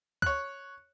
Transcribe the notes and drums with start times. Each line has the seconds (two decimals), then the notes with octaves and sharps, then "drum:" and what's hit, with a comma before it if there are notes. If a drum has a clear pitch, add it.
0.22 C#5 F#6, drum: kick